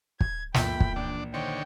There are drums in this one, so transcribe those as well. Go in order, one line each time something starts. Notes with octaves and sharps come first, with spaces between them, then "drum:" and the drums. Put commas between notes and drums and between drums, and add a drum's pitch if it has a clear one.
G#6, drum: kick
G1 C#2 F#2 A#2 E3 E5 G5 B5, drum: snare
drum: kick
A#1 D4
D3 D#3 C5 C#5 F#5 G5 C6